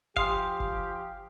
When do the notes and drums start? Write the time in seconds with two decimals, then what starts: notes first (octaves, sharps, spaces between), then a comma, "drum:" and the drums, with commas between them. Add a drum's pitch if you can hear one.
0.17 F3 G4 F5 G#5 C6 D#6, drum: kick F#1
0.60 drum: kick F#1